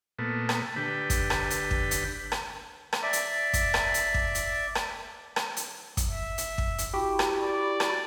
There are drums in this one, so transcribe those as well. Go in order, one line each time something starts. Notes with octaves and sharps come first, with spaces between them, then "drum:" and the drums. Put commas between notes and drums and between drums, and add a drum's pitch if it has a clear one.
A#2 A3 B3
drum: rim click
D3 G4 B4
drum: kick, hi-hat
drum: rim click
drum: hi-hat
drum: kick
drum: hi-hat
drum: rim click
drum: rim click
D5 E5
drum: hi-hat
drum: kick, hi-hat
drum: rim click
drum: hi-hat
drum: kick
drum: hi-hat
drum: rim click
drum: rim click
drum: hi-hat
drum: kick, hi-hat
E5
drum: hi-hat
drum: kick
drum: hi-hat
E4 F#4 G4
drum: rim click
D5
drum: rim click